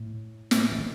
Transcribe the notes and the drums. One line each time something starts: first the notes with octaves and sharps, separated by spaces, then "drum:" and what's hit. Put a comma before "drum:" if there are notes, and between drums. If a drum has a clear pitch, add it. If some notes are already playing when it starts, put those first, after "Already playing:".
Already playing: A2
drum: snare
E3
D3